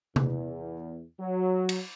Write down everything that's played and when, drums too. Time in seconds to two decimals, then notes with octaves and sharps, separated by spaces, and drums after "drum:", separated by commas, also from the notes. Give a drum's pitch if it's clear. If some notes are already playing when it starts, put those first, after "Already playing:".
0.16 E2, drum: tom C3
1.20 F#3
1.69 drum: cymbal